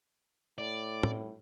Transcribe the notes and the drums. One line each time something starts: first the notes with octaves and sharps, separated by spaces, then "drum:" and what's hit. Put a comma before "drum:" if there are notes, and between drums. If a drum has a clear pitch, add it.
A2 D5
drum: tom